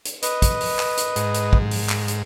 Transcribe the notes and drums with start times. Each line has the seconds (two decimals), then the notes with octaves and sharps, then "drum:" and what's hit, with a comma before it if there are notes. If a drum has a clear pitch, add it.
0.05 drum: hi-hat
0.22 B4 D#5, drum: hi-hat
0.42 drum: kick, hi-hat
0.61 drum: open hi-hat
0.79 drum: clap
0.97 drum: hi-hat
1.16 G#2, drum: hi-hat
1.34 drum: hi-hat
1.53 drum: kick
1.71 drum: open hi-hat
1.90 drum: clap
2.08 drum: hi-hat